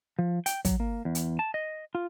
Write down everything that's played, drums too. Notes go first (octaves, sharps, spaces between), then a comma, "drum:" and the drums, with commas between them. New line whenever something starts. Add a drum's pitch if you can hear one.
F3
G5, drum: hi-hat
F#3, drum: kick, hi-hat
A#3
E2
drum: hi-hat
A5
D#5
F4